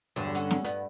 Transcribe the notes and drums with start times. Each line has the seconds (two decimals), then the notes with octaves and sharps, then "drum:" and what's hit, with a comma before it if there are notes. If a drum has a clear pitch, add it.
0.16 E2 G2 D3 F#3
0.35 C#4 F#5, drum: hi-hat
0.51 drum: snare
0.64 G2 B3, drum: hi-hat